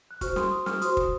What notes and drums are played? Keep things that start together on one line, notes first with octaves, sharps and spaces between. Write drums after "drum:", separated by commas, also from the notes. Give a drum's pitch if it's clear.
F#6
F#4 C5 C#6 F6, drum: kick, hi-hat
C6 D#6, drum: snare
C6 D#6
C#6 F6, drum: snare
F#4 C5 C6 D#6, drum: hi-hat
drum: kick